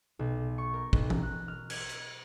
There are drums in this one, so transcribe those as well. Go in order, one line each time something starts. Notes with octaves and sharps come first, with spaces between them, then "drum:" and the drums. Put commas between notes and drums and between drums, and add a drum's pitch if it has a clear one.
B1
C#6
A#4
B1, drum: kick
A#5, drum: tom E3
F#6
F6
G#6, drum: cymbal
drum: hi-hat